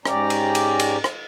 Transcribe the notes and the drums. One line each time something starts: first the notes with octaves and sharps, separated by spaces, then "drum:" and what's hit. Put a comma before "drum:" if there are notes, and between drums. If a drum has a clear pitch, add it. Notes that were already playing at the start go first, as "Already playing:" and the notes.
G#2 C#4 G4 D5 A#5, drum: rim click
drum: cymbal
drum: cymbal
drum: cymbal
drum: rim click